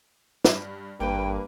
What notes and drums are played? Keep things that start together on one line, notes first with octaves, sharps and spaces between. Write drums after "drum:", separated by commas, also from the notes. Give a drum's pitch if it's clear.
G2, drum: snare
G#1 G2 A#3 B4 G5